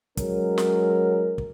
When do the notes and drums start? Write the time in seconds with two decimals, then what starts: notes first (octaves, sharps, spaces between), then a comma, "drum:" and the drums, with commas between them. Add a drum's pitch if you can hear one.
0.17 F#3 G#3 C#4 A#4, drum: kick, hi-hat
0.58 drum: snare
1.38 drum: kick